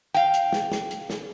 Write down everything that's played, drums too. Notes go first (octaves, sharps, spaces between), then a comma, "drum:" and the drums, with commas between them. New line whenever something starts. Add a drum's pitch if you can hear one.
F5 G5
drum: hi-hat
drum: snare
drum: snare
drum: hi-hat
drum: snare